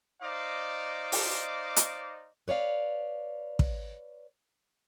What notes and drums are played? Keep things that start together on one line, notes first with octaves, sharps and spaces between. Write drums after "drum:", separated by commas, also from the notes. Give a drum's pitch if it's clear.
D#4 C5 D5 D#5 F5 D6
drum: open hi-hat
drum: hi-hat
B4 C#5 D5 F5
drum: kick